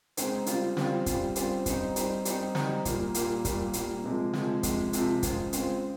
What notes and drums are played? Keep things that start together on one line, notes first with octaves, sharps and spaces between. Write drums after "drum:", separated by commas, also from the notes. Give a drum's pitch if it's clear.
C#3 G#3 C4 D#4, drum: hi-hat
C#3 G3 C4 F4, drum: hi-hat
C#3 G3 C4 F4, drum: snare
C#3 G3 C4 F4, drum: kick, hi-hat
C#3 G3 C4 F4, drum: hi-hat
G3 C4 D#4, drum: kick, hi-hat
G3 C4 D#4, drum: hi-hat
G3 C4 D#4, drum: hi-hat
G3 C4 D#4, drum: snare
A#2 G3 A#3, drum: kick, hi-hat
A#2 G3 A#3, drum: hi-hat
A#2 G3 A#3, drum: kick, hi-hat
A#2 G3 A#3, drum: hi-hat
C3 F3 G#3
C3 F3 G#3, drum: snare
C3 F3 G#3, drum: kick, hi-hat
C3 F3 G#3, drum: hi-hat
C#3 G#3 C4 F4, drum: kick, hi-hat
C#3 G#3 C4 F4, drum: hi-hat